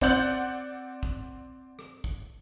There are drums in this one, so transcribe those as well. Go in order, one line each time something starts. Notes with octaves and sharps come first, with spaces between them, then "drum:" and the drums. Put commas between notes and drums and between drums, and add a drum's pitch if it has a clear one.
C4 D5 F#5 G6 F#7, drum: kick
drum: kick
drum: rim click
drum: kick